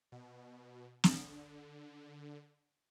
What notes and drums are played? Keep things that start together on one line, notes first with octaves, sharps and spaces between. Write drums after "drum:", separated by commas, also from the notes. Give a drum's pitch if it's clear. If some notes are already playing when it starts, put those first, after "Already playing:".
B2
D3, drum: snare